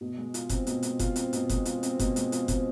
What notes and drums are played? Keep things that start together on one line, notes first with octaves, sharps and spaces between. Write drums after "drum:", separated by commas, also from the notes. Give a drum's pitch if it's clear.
B2
G#3
F4, drum: hi-hat
C4, drum: kick F#1, hi-hat
B2, drum: hi-hat
G#3, drum: hi-hat
F4, drum: kick F#1, hi-hat
C4, drum: hi-hat
B2, drum: hi-hat
G#3, drum: kick F#1, hi-hat
F4, drum: hi-hat
C4, drum: hi-hat
B2, drum: kick F#1, hi-hat
G#3, drum: hi-hat
F4, drum: hi-hat
C4, drum: kick F#1, hi-hat